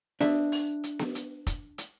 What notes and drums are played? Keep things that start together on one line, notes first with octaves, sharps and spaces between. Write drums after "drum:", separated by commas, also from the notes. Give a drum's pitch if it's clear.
D4 E5, drum: snare B3
drum: open hi-hat
drum: hi-hat
drum: snare B3
drum: hi-hat
drum: kick, hi-hat
drum: hi-hat